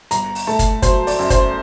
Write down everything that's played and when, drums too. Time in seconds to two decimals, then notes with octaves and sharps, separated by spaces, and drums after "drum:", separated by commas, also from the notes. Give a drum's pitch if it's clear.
0.11 G1 A#5, drum: hi-hat
0.35 drum: open hi-hat
0.47 A3 A5
0.59 drum: kick, hi-hat
0.82 F#3 C5, drum: kick, hi-hat
1.07 D5, drum: open hi-hat
1.19 F#2
1.30 C5, drum: kick, hi-hat